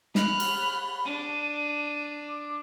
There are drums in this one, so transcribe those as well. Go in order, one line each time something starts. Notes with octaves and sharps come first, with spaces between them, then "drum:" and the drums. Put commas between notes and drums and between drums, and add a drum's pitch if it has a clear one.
B5 F6 F#6, drum: snare
drum: cymbal
D4 D#7
D6